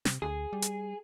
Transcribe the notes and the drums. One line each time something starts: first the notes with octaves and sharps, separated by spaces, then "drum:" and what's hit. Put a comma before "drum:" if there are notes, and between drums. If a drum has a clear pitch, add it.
C3, drum: snare
D2 G#4
G3
drum: hi-hat